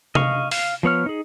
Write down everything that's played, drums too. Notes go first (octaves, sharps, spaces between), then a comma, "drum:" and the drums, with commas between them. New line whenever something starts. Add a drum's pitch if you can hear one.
D#5 F5 C#6, drum: tom C3
F5, drum: open hi-hat
F3 B3 C#5 F6
D#4 G#4